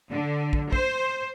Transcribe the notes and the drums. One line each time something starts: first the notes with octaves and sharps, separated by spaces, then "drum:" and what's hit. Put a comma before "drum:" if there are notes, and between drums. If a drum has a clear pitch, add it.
D3
drum: kick
C5, drum: kick